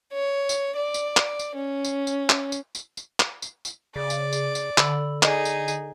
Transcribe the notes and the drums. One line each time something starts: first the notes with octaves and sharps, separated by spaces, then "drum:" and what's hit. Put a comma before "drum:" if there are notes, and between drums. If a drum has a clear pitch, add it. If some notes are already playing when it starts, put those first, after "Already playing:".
C#5
drum: tambourine
D5
drum: tambourine
drum: clap
drum: tambourine
C#4
drum: tambourine
drum: tambourine
drum: clap
drum: tambourine
drum: tambourine
drum: tambourine
drum: clap
drum: tambourine
drum: tambourine
C#3 D5
drum: tambourine
drum: tambourine
drum: tambourine
D3 B5 E6 F#7, drum: clap
D#4 G#4 D5 D#5, drum: clap
drum: tambourine
drum: tambourine